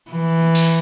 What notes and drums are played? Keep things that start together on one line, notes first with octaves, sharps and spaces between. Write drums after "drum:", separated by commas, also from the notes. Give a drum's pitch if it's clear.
E3
drum: cymbal